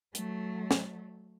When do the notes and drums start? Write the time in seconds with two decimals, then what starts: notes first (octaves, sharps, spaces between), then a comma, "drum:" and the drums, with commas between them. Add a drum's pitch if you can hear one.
0.15 F#3 A3, drum: hi-hat
0.71 drum: snare